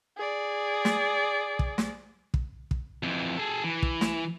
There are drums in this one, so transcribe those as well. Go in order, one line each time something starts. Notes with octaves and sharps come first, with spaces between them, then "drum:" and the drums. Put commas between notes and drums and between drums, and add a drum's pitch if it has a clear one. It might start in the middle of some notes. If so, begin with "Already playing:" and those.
G#4 D5
drum: snare
drum: kick
drum: snare
drum: kick
drum: kick
F2 E3
G#4 A4
E3
drum: kick
drum: snare